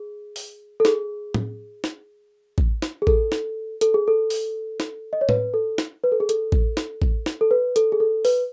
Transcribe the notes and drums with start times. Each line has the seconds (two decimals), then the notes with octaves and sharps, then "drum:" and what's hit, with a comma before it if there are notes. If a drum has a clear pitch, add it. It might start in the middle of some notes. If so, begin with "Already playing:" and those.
Already playing: G#4
0.36 drum: open hi-hat
0.80 A4
0.85 G#4, drum: snare
1.34 drum: tom A2
1.84 drum: snare
2.58 drum: kick A1
2.82 drum: snare
3.02 G#4
3.07 A4, drum: kick A1
3.32 drum: snare
3.81 A4, drum: hi-hat
3.94 G#4
4.08 A4
4.30 drum: open hi-hat
4.80 drum: snare
5.13 D#5
5.21 C#5
5.29 B4, drum: tom A2
5.54 A4
5.78 drum: snare
6.04 B4
6.12 A4
6.20 G#4
6.29 A4, drum: hi-hat
6.52 drum: kick A1
6.77 drum: snare
7.02 drum: kick A1
7.26 drum: snare
7.41 A4
7.51 B4
7.76 A4, drum: hi-hat
7.92 G#4
8.00 A4
8.25 B4, drum: open hi-hat